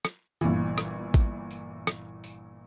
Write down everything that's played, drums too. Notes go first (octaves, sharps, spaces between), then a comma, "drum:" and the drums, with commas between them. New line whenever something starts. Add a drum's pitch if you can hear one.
drum: rim click
G1 A#2 E3, drum: tambourine
drum: rim click
drum: kick A1, tambourine
drum: tambourine
drum: rim click
drum: tambourine